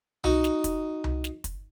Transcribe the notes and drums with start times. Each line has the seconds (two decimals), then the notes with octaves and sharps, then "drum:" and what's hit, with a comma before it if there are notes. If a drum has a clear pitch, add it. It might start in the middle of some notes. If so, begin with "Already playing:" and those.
0.24 D#4 F#4, drum: tom C2
0.44 drum: snare
0.64 drum: kick, hi-hat
1.04 drum: tom C2
1.24 drum: snare
1.44 drum: kick, hi-hat